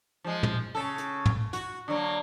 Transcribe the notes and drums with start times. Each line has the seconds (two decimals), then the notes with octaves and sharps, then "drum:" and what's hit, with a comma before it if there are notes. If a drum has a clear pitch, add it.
0.24 F3 G#3
0.43 drum: tom
0.75 C#3 A4
0.98 drum: hi-hat
1.26 drum: tom
1.53 F#4, drum: hi-hat
1.88 D3 F#3 A#3